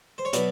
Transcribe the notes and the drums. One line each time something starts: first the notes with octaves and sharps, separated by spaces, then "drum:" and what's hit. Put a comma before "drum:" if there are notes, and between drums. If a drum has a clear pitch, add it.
C5
C#5
B2 F#3 B3 D5, drum: hi-hat